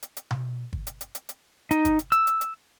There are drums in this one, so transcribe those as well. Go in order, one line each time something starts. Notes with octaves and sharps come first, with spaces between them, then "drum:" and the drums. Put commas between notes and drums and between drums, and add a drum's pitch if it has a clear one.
drum: hi-hat
drum: hi-hat
drum: tom B2
drum: kick
drum: hi-hat
drum: hi-hat
drum: hi-hat
drum: hi-hat
D#4, drum: hi-hat
drum: kick, hi-hat
drum: hi-hat
E6, drum: hi-hat
drum: hi-hat
drum: hi-hat